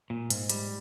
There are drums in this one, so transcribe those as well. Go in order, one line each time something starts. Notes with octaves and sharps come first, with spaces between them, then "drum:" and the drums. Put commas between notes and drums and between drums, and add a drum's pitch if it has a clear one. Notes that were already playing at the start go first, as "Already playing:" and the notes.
A#2
G#2, drum: hi-hat
G3, drum: hi-hat